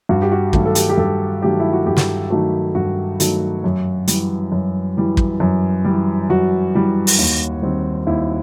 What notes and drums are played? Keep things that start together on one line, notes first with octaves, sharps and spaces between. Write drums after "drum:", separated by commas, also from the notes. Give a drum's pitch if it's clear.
G2 F#4
G4
F#4
D#3 F#3 A3, drum: kick
A4
G4, drum: hi-hat
G4
G2 A4
D#3 F#3 A3 G4
E4
F#4
G2 G4
drum: snare
D#3 F#3 A3 F#4
G2 F#4
D#3 F#3 A3, drum: hi-hat
F#2
E3 G3, drum: hi-hat
F#2
E3 G3
drum: kick
F#2
E3 G3
F#2 F#4
E3 G3
drum: open hi-hat
D#2
D#3 G3 C4
D#2 E4